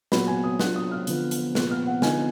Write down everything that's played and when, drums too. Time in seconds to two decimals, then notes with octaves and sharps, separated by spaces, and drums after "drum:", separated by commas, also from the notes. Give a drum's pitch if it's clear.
0.12 A#2 F#3 B3 F4 B5, drum: snare
0.28 G#5
0.44 D#6
0.59 F#3 D4 F4 F#6, drum: snare
0.76 D#6
0.91 F6
1.07 D3 F3 B3 F4, drum: hi-hat
1.31 drum: hi-hat
1.55 A#2 F3 B3 F#6, drum: snare
1.71 F6
1.87 F#5
2.02 D3 F3 B3 D#4 G#5, drum: snare